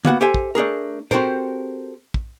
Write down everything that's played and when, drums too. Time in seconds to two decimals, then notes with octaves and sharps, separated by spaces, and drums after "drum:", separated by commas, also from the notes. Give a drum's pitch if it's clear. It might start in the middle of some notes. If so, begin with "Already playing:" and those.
0.05 A#3 B3 F#4 F#5, drum: tom
0.21 G4 A4 C5 E5 G#5
0.34 drum: kick
0.55 A3 D4 G#4 A#4
1.11 C4 F#4 G4 A4 A#4 C5, drum: tom
2.14 drum: kick